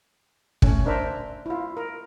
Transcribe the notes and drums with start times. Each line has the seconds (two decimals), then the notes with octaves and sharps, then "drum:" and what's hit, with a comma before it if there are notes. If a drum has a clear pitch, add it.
0.62 A3 C#4, drum: kick
0.86 D4 A#4 C5 E5
1.46 E4 F4
1.77 A#4